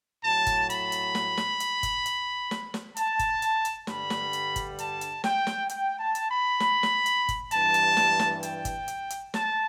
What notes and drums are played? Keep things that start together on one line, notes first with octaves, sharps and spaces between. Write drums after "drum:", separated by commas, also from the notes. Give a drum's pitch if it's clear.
A2 F#3 A5
drum: kick G1, hi-hat
B5, drum: hi-hat
drum: hi-hat
drum: snare
drum: snare
drum: hi-hat
drum: kick G1, hi-hat
drum: hi-hat
drum: snare
drum: snare
A5, drum: hi-hat
drum: kick G1, hi-hat
drum: hi-hat
drum: hi-hat
G2 D3 G3 B5, drum: snare
drum: snare
drum: hi-hat
drum: kick G1, hi-hat
A5, drum: hi-hat
drum: hi-hat
G5, drum: snare
drum: snare
G5, drum: hi-hat
A5
drum: hi-hat
B5
drum: snare
drum: snare
drum: hi-hat
drum: kick G1, hi-hat
G2 E3 G3 A5, drum: hi-hat
drum: hi-hat
drum: snare
drum: snare
G5, drum: hi-hat
drum: kick G1, hi-hat
drum: hi-hat
drum: hi-hat
A5, drum: snare